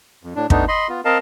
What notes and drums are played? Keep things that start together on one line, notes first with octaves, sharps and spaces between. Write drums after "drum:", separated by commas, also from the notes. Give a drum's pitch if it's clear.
F2
A2 D4
A3 B3 D4 D#4, drum: kick
D#5 B5 C6
B3 F4
C4 A#4 D#5 F5 A5